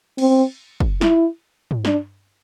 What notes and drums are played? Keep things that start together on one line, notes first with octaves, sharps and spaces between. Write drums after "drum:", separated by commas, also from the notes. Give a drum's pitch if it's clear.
C4, drum: cymbal
drum: kick
E4, drum: snare
drum: tom
D4, drum: snare